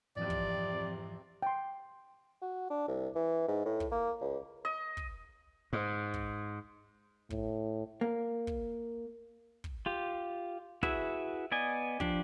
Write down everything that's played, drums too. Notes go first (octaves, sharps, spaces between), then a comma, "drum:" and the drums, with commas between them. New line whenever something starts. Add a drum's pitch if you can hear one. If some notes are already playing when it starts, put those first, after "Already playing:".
F2 G#2 C3 E3 F3 D5
drum: kick
G5 C6
F#4
D4
C2
E3
G#2
A2
drum: kick
A#3
C#2
D#5
drum: kick
G#2
drum: kick
A2, drum: kick
A#3
drum: kick
drum: kick
F4 G4
E4 F#4 G#4 B4 E5, drum: kick
B3 D5 D#5 G#5
F3 D4 G4, drum: kick